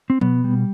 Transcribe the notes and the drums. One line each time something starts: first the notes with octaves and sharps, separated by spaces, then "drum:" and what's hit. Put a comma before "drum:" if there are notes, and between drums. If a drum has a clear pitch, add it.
C4
B2 B3, drum: tom F3
G3